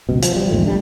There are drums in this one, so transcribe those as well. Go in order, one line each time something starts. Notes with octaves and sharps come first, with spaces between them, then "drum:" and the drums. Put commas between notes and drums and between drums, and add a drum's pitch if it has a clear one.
C#2 F#2 B2
F3, drum: hi-hat
F3 G3
A#1 E2 G#2 A3
G1 C2 G3 D4